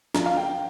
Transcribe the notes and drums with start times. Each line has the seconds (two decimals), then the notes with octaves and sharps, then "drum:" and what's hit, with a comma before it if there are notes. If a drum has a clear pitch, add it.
0.14 F3 A#5, drum: snare
0.26 F5
0.37 G5